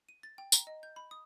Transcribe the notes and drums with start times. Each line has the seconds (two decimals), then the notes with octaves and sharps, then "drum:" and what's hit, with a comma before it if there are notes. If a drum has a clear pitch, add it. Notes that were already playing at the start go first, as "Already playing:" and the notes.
0.09 D#7
0.23 A6
0.38 G5
0.52 A#5, drum: tambourine
0.67 D#5
0.83 G6
0.96 B5
1.11 D#6